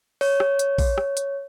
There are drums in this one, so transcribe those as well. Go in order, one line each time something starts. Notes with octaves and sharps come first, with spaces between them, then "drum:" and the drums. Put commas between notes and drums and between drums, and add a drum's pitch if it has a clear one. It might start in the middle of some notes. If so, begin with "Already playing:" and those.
C#5, drum: open hi-hat
drum: rim click
drum: hi-hat
drum: kick A#1, open hi-hat
drum: rim click
drum: hi-hat